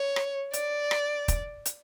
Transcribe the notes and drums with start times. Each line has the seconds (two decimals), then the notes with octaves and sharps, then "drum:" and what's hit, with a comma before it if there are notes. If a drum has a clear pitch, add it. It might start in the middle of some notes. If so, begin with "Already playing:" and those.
Already playing: C#5
0.16 drum: rim click
0.54 D5, drum: hi-hat
0.91 drum: rim click
1.28 drum: kick, hi-hat
1.66 drum: hi-hat